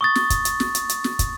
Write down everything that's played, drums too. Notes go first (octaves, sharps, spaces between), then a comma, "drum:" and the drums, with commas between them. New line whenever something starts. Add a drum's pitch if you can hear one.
C#6 D#6 A6
drum: snare
drum: kick, hi-hat
drum: hi-hat
drum: snare
drum: hi-hat
drum: hi-hat
drum: snare
drum: kick, hi-hat